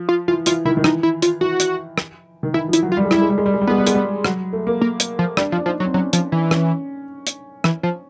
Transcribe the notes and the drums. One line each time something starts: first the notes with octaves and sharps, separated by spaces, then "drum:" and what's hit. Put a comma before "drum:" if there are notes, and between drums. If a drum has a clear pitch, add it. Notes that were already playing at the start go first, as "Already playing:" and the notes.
Already playing: F3
F4
E3 F4
E3 F4, drum: hi-hat
D#3 E4
D#3
E3 D#4, drum: rim click
E4
F4, drum: hi-hat
E3 F#4
drum: hi-hat
drum: rim click
D#3
E3 E4
F3
E4, drum: hi-hat
F#3
F4
G3
G#3
G3 E4, drum: rim click
G#3
G3
G#3
G3
G#3
G3
G#3 B3
G3
G#3, drum: hi-hat
G3
F#3, drum: rim click
A3
A#3
A#3
drum: hi-hat
F3
G3 D4, drum: rim click
F3
D4
F3 D#4
F#3
C4
F#3 C#4
F3, drum: hi-hat
E3
C#4, drum: rim click
drum: hi-hat
E3, drum: rim click
F3